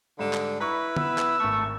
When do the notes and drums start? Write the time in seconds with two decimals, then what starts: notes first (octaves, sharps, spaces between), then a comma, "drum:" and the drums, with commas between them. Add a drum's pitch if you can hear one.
0.19 G#2 D3 G3 E7
0.33 drum: clap
0.60 E4 B4 A#5 C#6
0.97 B3 E6, drum: tom
1.18 drum: clap
1.39 G#1 A3 B5 C#6